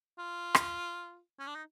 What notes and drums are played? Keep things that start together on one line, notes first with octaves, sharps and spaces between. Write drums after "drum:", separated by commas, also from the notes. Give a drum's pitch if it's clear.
F4
drum: rim click
C#4
D4
D#4